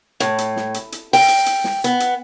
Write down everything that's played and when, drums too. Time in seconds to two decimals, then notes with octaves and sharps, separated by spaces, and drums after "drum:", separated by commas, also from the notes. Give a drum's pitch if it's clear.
0.20 A2, drum: hi-hat
0.38 drum: hi-hat
0.56 drum: snare
0.74 drum: hi-hat
0.92 drum: hi-hat
1.13 G5, drum: open hi-hat
1.28 drum: hi-hat
1.46 drum: hi-hat
1.64 drum: snare
1.84 B3, drum: hi-hat
2.00 drum: hi-hat